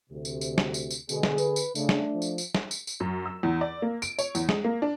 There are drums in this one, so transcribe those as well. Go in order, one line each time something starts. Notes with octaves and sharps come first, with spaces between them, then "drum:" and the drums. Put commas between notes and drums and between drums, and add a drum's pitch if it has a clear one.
D2 C3
drum: tambourine
drum: tambourine
drum: snare
drum: tambourine
drum: tambourine
B2 D3 G#3 G#4, drum: tambourine
drum: snare
B4, drum: tambourine
drum: tambourine
C#3 A3 D4, drum: tambourine
drum: snare
F3
drum: tambourine
drum: tambourine
drum: snare
drum: tambourine
drum: tambourine
F#2
E6
E2
D5
A#3
D7, drum: tambourine
C#5, drum: tambourine
E2, drum: tambourine
G#3, drum: snare
A#3
D4